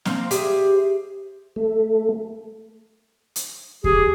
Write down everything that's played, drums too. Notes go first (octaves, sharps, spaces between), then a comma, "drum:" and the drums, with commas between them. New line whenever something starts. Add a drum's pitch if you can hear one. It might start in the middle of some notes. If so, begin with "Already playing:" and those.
F3 A#3 C4, drum: snare
G4 G#4 C5 E5, drum: hi-hat
A3
drum: hi-hat
G4 G#4, drum: kick D#2